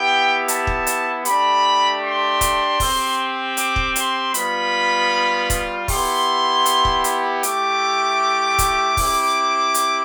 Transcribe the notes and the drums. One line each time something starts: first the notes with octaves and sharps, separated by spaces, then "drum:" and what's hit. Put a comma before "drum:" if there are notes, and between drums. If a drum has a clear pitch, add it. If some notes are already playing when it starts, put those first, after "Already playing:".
Already playing: B3 E4 G4 G5
A5, drum: hi-hat
drum: kick
drum: hi-hat
A3 D4 G4 B5, drum: hi-hat
C6
drum: kick, hi-hat
C4 G4, drum: kick, open hi-hat
D6, drum: hi-hat
drum: kick
C6, drum: hi-hat
G3 B3 F4 B5, drum: hi-hat
drum: kick, hi-hat
B3 E4 G4 C6, drum: kick, open hi-hat
drum: hi-hat
drum: kick
drum: hi-hat
A3 E4 G4 D6, drum: hi-hat
drum: kick, hi-hat
C4 E4 G4, drum: kick, open hi-hat
drum: hi-hat